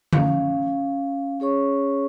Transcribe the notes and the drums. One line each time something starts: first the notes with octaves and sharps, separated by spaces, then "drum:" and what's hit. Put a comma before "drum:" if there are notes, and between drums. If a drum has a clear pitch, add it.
C#4 F5, drum: tom D3
C#4 G#4 C#5 C#6